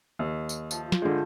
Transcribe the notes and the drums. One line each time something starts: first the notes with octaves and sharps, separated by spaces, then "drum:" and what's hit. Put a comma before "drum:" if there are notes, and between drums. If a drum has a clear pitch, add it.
D#2
drum: tambourine
F3, drum: tambourine
drum: snare
G2 D3 G#3 C5